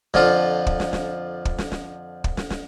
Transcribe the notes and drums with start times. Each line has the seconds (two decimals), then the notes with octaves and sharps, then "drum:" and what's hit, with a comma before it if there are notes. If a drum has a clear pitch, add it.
0.14 F2 D3 F3 F4, drum: snare
0.67 drum: kick
0.80 drum: snare
0.93 drum: snare
1.45 drum: kick
1.58 drum: snare
1.72 drum: snare
2.24 drum: kick
2.37 drum: snare
2.50 drum: snare